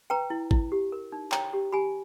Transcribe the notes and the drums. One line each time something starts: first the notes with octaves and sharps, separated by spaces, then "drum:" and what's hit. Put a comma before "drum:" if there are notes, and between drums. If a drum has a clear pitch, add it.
B4 G5 A#5
E4
E4, drum: kick A1
G4
A#4
D#4
C#5 G5 A#5, drum: clap
G4
G4 G#5 B5